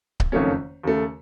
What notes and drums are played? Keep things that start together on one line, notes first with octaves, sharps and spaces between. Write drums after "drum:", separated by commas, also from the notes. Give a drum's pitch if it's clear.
drum: kick C#1
F#1 F2 D#3 A3 C#4
D#2 C#3 A3